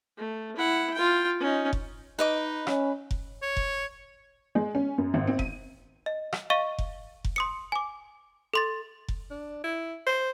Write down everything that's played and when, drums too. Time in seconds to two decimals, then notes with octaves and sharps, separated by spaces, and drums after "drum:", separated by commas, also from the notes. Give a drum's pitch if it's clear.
0.17 A3
0.56 E4 F#5
0.94 F4 G5
1.40 C#4 D#4
1.73 drum: kick F1
2.19 D#4 B4 D#5 D6
2.67 C#4, drum: rim click
3.11 drum: kick F1
3.42 C#5
3.57 drum: kick F1
4.55 G#3
4.75 C#4
4.98 F#2
5.14 G#1
5.27 C4
5.39 D#7, drum: kick F1
6.06 D#5
6.33 drum: rim click
6.50 D#5 F5 C#6 D#7
6.79 drum: kick F1
7.24 drum: kick F1
7.36 C6 D#6 C#7
7.72 G#5 D6
8.54 A4 C6 A6
9.08 drum: kick F1
9.31 D4
9.64 E4
10.07 C5